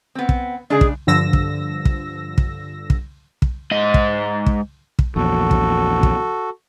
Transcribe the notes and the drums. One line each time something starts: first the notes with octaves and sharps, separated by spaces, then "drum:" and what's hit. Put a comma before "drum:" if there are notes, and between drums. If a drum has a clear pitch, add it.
B3 C4
drum: kick
C#3 G#3 D4 G#4
drum: kick
G2 D3 F3 E6 A#6
drum: kick
drum: kick
drum: kick
drum: kick
drum: kick
G#2 D#5
drum: kick
drum: kick
drum: kick
A#1 E2 F#4 A4
drum: kick
drum: kick